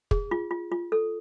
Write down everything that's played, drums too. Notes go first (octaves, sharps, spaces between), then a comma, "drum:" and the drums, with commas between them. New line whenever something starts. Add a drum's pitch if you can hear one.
G#4, drum: kick
F4
F4
F4
A4